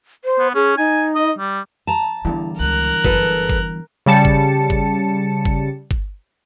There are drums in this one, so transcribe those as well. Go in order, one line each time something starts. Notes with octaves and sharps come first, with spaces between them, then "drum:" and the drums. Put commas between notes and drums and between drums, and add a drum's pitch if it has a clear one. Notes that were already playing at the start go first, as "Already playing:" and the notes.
C5
B3
C#4 G#4
D#4 G#5
D#5
G3
A5 A#5
E2 G2 D3 E4
C#2 A#4 F#6
F#1 F#2 A4 B4, drum: kick G1
drum: kick G1
C#3 G3 A5 C#7
drum: kick G1
drum: kick G1
drum: kick G1
drum: kick G1